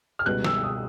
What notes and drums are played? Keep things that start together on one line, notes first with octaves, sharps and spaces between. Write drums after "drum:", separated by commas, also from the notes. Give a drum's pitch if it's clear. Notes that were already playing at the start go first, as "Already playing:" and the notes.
F6
C#2 B2 G3 B3 F#6
E6, drum: snare
D#6